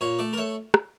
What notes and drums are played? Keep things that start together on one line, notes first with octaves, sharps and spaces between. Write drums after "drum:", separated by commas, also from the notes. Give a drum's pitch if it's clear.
A#2 C#5
A3 D5
A#4
A3 C#5
drum: rim click